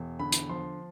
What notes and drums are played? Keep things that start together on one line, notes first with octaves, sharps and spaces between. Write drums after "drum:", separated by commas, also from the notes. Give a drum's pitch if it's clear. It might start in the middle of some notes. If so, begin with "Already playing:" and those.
Already playing: E1
D3 B5
drum: hi-hat
F3 C6